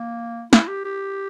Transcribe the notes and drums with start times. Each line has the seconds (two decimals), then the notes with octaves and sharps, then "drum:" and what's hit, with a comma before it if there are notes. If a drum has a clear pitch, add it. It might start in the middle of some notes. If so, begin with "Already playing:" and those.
Already playing: A#3
0.53 E4, drum: snare
0.68 G4
0.85 G4